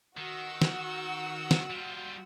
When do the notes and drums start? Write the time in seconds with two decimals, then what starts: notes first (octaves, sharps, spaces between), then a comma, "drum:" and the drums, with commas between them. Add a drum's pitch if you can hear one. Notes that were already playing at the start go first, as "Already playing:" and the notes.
0.17 D#3 F#4 F#5 E6
0.62 drum: snare
1.51 drum: snare
1.70 G3 F4